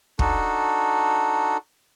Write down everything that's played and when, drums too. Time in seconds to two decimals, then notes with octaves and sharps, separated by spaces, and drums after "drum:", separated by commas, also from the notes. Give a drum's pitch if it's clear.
0.19 D4 D#4 F#4 A4, drum: kick